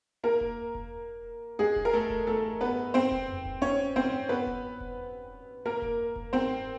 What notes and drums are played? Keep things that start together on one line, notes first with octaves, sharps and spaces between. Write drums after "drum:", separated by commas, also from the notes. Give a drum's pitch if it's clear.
A#3 A#4
drum: kick E1
drum: kick E1
G#3 G#4
drum: kick E1
A#4
A3 A4
drum: kick E1
A3 A4
B3 B4
C4 C5
drum: kick E1
drum: tom F2
drum: kick E1
C#4 C#5
C4 C5
B3 B4
drum: kick E1
drum: kick E1
A#3 A#4
drum: kick E1
drum: kick E1
C4 C5